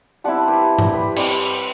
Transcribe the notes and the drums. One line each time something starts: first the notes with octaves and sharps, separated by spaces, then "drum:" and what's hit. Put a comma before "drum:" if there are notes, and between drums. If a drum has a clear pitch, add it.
G3 C4 E4 F#5 A5
G4 B4
drum: tom G2
G4 B4
G3 C4 G4 B4, drum: cymbal